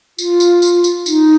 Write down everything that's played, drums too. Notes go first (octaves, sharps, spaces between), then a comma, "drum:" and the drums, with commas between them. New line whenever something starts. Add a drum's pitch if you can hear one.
F4, drum: tambourine
drum: tambourine
drum: tambourine
drum: tambourine
D#4, drum: tambourine